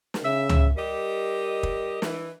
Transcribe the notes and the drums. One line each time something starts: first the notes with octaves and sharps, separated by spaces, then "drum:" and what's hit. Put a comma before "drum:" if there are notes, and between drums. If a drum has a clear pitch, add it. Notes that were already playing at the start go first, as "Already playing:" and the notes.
drum: snare
C#3 E5
drum: tom C#2
G3 G4 A#4 D#5
drum: kick
E3, drum: snare